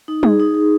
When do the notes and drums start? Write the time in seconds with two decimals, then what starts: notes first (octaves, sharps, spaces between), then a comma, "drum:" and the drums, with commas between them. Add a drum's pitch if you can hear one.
0.08 D#4
0.23 G#4, drum: tom G3
0.40 D#4
0.55 G#4